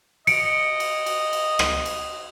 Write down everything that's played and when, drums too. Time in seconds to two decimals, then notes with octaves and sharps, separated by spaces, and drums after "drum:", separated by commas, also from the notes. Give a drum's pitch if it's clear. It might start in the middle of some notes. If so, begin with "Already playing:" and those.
0.27 D#5 C#7 D7, drum: cymbal
0.80 drum: cymbal
1.06 drum: cymbal
1.33 drum: cymbal
1.59 drum: rim click
1.85 drum: cymbal